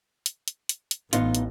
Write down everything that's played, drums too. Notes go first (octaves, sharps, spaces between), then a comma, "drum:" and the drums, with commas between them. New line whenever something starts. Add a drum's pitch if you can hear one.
drum: hi-hat
drum: hi-hat
drum: hi-hat
drum: hi-hat
A1 A2 B3 D#4 F4, drum: hi-hat
drum: hi-hat